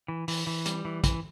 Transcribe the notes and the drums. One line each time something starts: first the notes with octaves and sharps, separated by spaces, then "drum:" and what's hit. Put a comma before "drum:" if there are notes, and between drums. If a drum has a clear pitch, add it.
E3
E3, drum: open hi-hat
E3
G3, drum: hi-hat
E3
E3, drum: kick, hi-hat